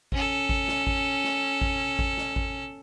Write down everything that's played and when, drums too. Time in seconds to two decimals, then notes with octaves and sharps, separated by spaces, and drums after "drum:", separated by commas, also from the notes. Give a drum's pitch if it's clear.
0.12 C#4 A4, drum: kick G#1
0.49 drum: kick G#1
0.68 drum: snare
0.87 drum: kick G#1
1.24 drum: snare
1.61 drum: kick G#1
1.99 drum: kick G#1
2.17 drum: snare
2.36 drum: kick G#1